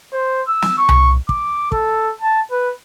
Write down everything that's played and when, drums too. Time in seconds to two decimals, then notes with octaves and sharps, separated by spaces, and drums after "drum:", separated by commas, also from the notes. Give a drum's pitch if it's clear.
0.13 C5
0.47 E6
0.62 drum: snare
0.78 C#6
0.89 drum: tom C2
1.29 D6, drum: kick
1.72 A4, drum: kick
2.21 A5
2.52 B4